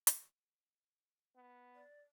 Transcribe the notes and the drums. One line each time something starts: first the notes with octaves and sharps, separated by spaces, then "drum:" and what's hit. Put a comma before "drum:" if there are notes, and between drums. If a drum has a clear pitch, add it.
drum: hi-hat
B3
D5